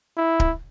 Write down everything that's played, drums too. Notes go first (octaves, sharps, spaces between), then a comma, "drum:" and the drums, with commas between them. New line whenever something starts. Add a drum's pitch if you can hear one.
E4
drum: kick D1